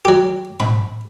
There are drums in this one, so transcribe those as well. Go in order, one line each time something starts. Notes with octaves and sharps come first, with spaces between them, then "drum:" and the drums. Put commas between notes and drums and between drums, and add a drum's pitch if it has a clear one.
F#3 G4
B5, drum: tom A2